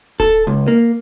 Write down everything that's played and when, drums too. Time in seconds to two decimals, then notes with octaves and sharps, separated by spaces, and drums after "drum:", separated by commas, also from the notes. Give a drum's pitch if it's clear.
0.20 A4, drum: kick D1
0.47 C#2
0.68 A#3